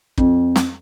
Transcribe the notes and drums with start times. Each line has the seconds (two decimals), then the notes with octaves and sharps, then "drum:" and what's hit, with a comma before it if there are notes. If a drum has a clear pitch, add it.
0.18 F2, drum: kick
0.56 drum: snare